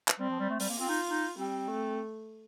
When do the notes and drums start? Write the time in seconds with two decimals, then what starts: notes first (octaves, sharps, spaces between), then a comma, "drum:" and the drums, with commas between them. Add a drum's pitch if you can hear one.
0.08 drum: clap
0.19 G3 C4
0.30 F3
0.39 G3
0.50 A3
0.60 G3, drum: open hi-hat
0.69 A#3
0.79 C4 F4
0.89 D#4
1.09 D#4
1.38 G3 C4
1.68 A3